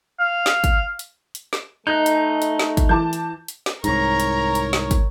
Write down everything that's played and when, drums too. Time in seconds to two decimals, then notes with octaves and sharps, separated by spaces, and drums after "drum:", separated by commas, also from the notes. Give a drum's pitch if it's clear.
0.20 F5
0.46 drum: snare
0.64 drum: kick, hi-hat
0.99 drum: hi-hat
1.35 drum: hi-hat
1.53 drum: snare
1.87 A3 D#4 D#5 F#6 G6
2.06 drum: hi-hat
2.42 drum: hi-hat
2.59 drum: snare
2.77 drum: kick, hi-hat
2.89 E3 A5 D6 G6
3.13 drum: hi-hat
3.48 drum: hi-hat
3.66 drum: snare
3.84 C2 G#2 A#4 C#5 A#5, drum: hi-hat
4.20 drum: hi-hat
4.55 drum: hi-hat
4.73 drum: snare
4.91 drum: kick, hi-hat